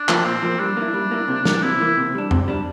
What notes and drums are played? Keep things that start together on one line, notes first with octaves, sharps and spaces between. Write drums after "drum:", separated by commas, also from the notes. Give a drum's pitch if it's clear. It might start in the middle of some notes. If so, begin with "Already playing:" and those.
Already playing: D4
F3 A#3, drum: clap
A#2 C4
F3 A#3
G3 D4
A#3 E4
G3
A#3 E4
C3
E3 A#3, drum: snare
C3 E4
E3 A#3
C3
G3 D4
C3, drum: tom F2
G3 D4